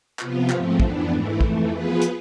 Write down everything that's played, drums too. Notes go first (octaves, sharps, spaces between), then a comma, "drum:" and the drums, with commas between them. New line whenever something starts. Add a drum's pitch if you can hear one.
C3 F3 B3 F4, drum: clap
G#2 F3 A3 C4, drum: clap
F2 E3 B3 D4, drum: kick
G#2 E3 A3 E4
F2 E3 A3, drum: kick
F3 B3 F4 G#4 B4
drum: hi-hat